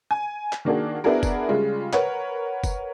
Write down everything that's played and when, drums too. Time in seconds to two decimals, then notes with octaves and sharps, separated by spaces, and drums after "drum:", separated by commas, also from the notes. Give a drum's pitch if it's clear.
0.11 G#5
0.52 drum: clap
0.65 D#3 A#3 D4 F#4 G#4
1.04 B3 D4 E4 F#4 G#4 A#4
1.23 drum: kick, tambourine
1.49 C#3 G3 G#3 F4
1.93 A#4 B4 C#5 F#5, drum: clap
2.64 drum: kick, tambourine